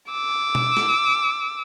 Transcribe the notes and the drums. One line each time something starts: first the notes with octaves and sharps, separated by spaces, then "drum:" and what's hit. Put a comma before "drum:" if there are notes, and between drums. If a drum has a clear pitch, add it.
D6 E6
drum: tom B2
drum: snare